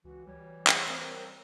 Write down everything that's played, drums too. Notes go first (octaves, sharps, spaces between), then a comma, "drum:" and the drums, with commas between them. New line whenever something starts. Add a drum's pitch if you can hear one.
C#2 E3 F#4
G3 C#5
drum: clap
C4 A#4